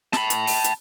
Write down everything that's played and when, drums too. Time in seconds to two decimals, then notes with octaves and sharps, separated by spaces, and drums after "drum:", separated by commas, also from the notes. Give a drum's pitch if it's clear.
0.13 A5 B5, drum: snare
0.30 drum: hi-hat
0.47 drum: open hi-hat
0.64 drum: hi-hat